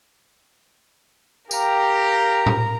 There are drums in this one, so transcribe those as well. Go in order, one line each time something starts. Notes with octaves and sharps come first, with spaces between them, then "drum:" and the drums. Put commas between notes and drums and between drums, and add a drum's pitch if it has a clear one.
G4 A#4 F5 A#5, drum: tambourine
drum: tom A2